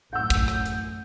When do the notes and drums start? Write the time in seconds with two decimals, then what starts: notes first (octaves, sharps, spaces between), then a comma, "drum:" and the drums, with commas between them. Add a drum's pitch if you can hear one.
0.13 A1 F#2 F#5 E6 G6
0.30 drum: kick, hi-hat
0.48 drum: rim click
0.66 drum: hi-hat